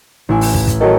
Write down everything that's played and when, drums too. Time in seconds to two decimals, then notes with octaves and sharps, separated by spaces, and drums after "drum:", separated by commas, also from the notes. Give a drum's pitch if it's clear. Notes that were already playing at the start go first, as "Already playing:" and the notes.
0.29 A1 E4
0.41 drum: open hi-hat
0.54 drum: kick
0.68 drum: kick, hi-hat
0.81 D#3 F#3 A4